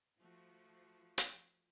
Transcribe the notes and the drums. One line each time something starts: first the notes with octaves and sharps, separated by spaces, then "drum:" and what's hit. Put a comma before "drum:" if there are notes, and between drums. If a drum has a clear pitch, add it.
F3 A3 F#4
drum: hi-hat